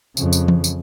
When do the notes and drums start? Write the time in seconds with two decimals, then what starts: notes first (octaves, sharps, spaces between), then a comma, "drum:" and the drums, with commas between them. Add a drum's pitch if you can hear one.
0.17 F2 C#3, drum: tambourine
0.33 drum: tambourine
0.48 drum: tom E3
0.64 drum: tambourine